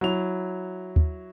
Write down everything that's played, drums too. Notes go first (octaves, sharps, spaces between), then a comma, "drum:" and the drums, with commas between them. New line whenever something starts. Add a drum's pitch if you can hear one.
F#3 E4 F7
drum: kick D#2